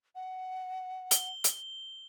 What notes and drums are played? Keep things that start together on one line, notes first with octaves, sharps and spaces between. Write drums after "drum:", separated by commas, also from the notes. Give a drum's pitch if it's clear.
F#5
G7, drum: hi-hat
drum: hi-hat